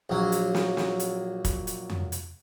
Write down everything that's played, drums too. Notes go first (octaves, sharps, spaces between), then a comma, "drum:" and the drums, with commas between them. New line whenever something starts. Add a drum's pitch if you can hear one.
A#1 F#3
drum: hi-hat
drum: snare
drum: snare
drum: hi-hat
drum: kick, hi-hat
drum: hi-hat
drum: tom F2
drum: hi-hat